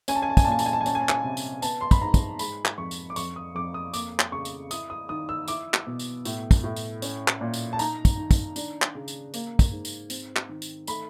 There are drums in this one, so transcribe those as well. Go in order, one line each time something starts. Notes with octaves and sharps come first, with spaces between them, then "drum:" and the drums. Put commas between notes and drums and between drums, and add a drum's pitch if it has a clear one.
C#4 G#5, drum: tambourine
A5
G#5
A5
G#5, drum: kick, tambourine
A#2 A5
G#5
A5, drum: tambourine
G#5
A5
G#5
C#4 A5, drum: tambourine
G#5
A5
G#5, drum: clap
C3
drum: tambourine
B3 A5, drum: tambourine
C6
B5, drum: kick, tambourine
G#2 A#5
drum: kick, tambourine
G#3 B5, drum: tambourine
drum: clap
F2 C#6
drum: tambourine
D6
F2 C#6, drum: tambourine
D#6
F2 D6
D#6
A#3 D6, drum: tambourine
drum: clap
C#3 C#6
drum: tambourine
E4 D#6, drum: tambourine
D#6
D#3 D#6
E6
E4 D6, drum: tambourine
drum: clap
B2
drum: tambourine
A2, drum: tambourine
drum: kick, tambourine
A2
drum: tambourine
C#4, drum: tambourine
drum: clap
A#2
drum: tambourine
A5
D#4 A#5, drum: tambourine
drum: kick, tambourine
D#3
drum: kick, tambourine
D4, drum: tambourine
drum: clap
C#3
drum: tambourine
A#3, drum: tambourine
drum: kick, tambourine
G#2
drum: tambourine
C4, drum: tambourine
drum: clap
D#3
drum: tambourine
A3 B5, drum: tambourine